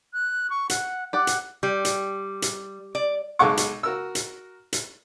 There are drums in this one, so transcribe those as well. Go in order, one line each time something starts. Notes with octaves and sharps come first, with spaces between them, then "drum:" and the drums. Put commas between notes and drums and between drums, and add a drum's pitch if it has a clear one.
F#6
C#6
F#5, drum: hi-hat
G4 D5 F#5
drum: hi-hat
G3
drum: hi-hat
drum: hi-hat
D5
B1 G#3 A4 F#5 C#6 D6
drum: hi-hat
F#4 A#4 E6
drum: hi-hat
drum: hi-hat